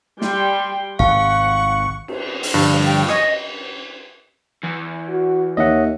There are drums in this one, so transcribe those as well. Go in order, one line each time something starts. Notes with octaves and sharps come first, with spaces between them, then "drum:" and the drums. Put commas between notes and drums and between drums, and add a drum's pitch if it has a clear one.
G3 G5 C6, drum: snare
G#1 G#2 C3 F5 F#5 C#6
drum: cymbal
drum: open hi-hat
G2 D3 F3 G3
G5
D#5 G#5 C#6 D#6, drum: rim click
E2
F#4
D#2 C#5 D#5 E5 F#5